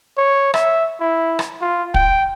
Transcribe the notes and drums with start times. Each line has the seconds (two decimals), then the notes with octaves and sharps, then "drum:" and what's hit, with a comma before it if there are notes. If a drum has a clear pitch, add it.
0.18 C#5
0.54 E5, drum: rim click
1.00 E4
1.39 drum: rim click
1.61 F4
1.94 G5, drum: kick